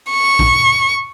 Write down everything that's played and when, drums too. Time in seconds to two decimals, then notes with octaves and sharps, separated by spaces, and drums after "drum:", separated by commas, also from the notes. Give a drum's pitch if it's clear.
0.11 C#6
0.39 drum: kick